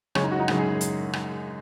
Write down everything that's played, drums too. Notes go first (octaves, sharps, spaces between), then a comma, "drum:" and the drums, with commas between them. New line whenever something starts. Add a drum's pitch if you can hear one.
F#2 C#3 G#3 C#5, drum: rim click
D#4
F#4
D#4
F#2 C#3 G#3, drum: rim click
G#4
drum: hi-hat
drum: rim click